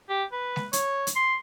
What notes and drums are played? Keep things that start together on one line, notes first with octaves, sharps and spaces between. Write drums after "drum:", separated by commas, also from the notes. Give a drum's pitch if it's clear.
G4
B4
drum: snare G#3
C#5, drum: hi-hat
drum: hi-hat
C6